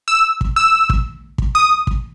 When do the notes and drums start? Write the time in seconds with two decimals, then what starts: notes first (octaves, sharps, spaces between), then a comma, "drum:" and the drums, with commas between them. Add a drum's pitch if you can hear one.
0.08 E6
0.41 drum: kick
0.56 E6
0.90 drum: kick
1.38 drum: kick
1.55 D#6
1.87 drum: kick